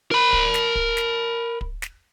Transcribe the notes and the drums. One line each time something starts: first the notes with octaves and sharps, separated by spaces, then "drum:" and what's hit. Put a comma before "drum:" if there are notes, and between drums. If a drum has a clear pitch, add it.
A#4 B5
drum: kick
drum: snare
drum: kick
drum: snare
drum: kick
drum: snare